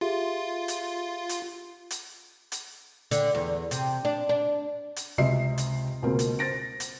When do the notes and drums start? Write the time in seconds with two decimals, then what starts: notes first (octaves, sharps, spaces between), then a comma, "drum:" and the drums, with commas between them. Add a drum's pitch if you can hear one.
0.01 F4 G4 G#4 E5
0.68 drum: hi-hat
1.29 drum: hi-hat
1.91 drum: hi-hat
2.52 drum: hi-hat
3.11 D3, drum: hi-hat
3.35 E2
3.71 C3, drum: hi-hat
4.05 D4
4.29 D4
4.96 drum: hi-hat
5.18 C#2 C3 C4 D#5 E5 C7
5.58 drum: hi-hat
6.02 C#2 B2 A#3 C4
6.19 drum: hi-hat
6.39 C5 A6 A#6 D7
6.80 drum: hi-hat